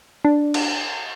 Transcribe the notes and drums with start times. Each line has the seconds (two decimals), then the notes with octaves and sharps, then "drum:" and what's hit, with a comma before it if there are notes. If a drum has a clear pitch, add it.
0.25 D4
0.54 drum: cymbal